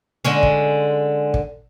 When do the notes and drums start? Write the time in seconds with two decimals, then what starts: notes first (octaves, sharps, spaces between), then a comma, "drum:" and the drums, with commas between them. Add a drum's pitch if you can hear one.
0.25 D3 G#3 C#4
0.43 drum: kick
1.34 drum: kick